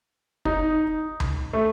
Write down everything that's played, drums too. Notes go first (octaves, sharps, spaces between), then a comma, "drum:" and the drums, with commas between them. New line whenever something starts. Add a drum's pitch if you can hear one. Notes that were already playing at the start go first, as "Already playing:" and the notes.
D#4, drum: kick
drum: tom C#2
A3